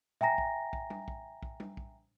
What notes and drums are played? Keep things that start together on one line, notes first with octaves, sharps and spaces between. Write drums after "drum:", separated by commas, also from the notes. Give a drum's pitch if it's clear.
E5 G5 G#5 A#5 A#6, drum: tom A#2
drum: kick
drum: kick
drum: tom G3
drum: kick
drum: kick
drum: tom G3
drum: kick